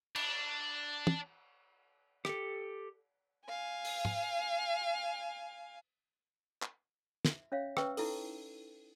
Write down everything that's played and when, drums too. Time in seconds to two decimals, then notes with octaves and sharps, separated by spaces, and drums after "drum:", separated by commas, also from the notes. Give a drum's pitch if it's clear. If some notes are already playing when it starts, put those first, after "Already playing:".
0.16 D4, drum: cymbal
1.07 drum: tom
2.25 G4 A4, drum: rim click
3.48 F5 G#5
3.85 drum: open hi-hat
4.05 drum: tom
6.62 drum: clap
7.25 E5, drum: snare
7.52 C#4 C#5 E5 F5
7.77 C#4 B4 E5 G5 C#6 E6, drum: rim click
7.97 D#4 E4 A4, drum: open hi-hat